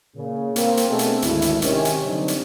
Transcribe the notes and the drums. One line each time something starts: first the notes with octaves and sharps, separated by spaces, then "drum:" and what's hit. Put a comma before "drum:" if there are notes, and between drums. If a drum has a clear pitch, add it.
A#2 C#3
A#3 C4, drum: hi-hat
drum: hi-hat
B2 A3 C4 D4 G#4 A4
drum: hi-hat
G#1 D2 E4, drum: hi-hat
drum: hi-hat
C3 D#3 C#4, drum: hi-hat
drum: hi-hat
G2 D3 F#3 C4 D4 D#4
drum: hi-hat